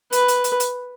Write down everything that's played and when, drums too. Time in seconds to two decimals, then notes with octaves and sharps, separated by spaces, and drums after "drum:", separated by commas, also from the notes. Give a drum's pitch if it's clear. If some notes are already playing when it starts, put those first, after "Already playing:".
0.12 B4, drum: hi-hat
0.28 drum: hi-hat
0.44 drum: hi-hat
0.60 drum: hi-hat